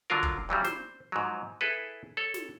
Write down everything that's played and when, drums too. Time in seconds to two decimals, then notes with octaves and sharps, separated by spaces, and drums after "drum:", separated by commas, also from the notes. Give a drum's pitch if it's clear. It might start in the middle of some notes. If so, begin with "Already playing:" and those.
0.10 D3 F#3 D4 F4 A#4
0.23 drum: kick
0.49 G2 E3 F#3 G3
0.64 C5, drum: snare
1.12 G#2 F3 F#3
1.61 E4 G#4 A4 B4
2.17 A4 C#5
2.34 drum: snare